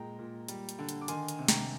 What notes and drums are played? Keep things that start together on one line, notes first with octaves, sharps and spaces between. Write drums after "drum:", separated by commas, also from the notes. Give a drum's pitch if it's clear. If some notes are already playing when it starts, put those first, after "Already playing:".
Already playing: A#2 G#3 G5 A#5
A#2
G3, drum: hi-hat
drum: hi-hat
D3
drum: hi-hat
D6
D#3 G#5 C6, drum: hi-hat
drum: hi-hat
C3
G5 A#5, drum: snare